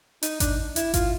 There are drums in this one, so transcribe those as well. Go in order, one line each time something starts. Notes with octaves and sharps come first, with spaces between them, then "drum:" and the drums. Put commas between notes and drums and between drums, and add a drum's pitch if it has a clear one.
D#4, drum: hi-hat
D4, drum: kick G#1, hi-hat
E4, drum: hi-hat
F4, drum: kick G#1, hi-hat